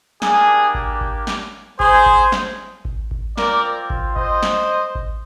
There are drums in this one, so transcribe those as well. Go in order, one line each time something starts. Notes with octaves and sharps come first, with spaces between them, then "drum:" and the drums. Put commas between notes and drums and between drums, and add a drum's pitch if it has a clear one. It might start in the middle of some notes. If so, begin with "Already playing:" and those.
A#3 D4 G4 G#4, drum: snare
drum: kick G#1
drum: kick G#1
drum: snare
G#4 C5, drum: kick G#1
drum: kick G#1
drum: snare
drum: kick G#1
drum: kick G#1
C4 F4 A#4 D5, drum: snare
drum: kick G#1
C5 D#5, drum: kick G#1
drum: snare
drum: kick G#1